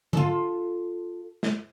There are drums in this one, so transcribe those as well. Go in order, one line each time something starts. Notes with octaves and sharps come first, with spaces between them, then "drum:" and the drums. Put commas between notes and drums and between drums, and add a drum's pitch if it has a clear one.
F4 A4, drum: tom
drum: snare